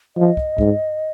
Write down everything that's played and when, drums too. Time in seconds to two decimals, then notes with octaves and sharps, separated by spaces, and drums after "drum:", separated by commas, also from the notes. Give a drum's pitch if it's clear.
0.16 F3 D#5
0.37 drum: kick
0.58 G#2, drum: kick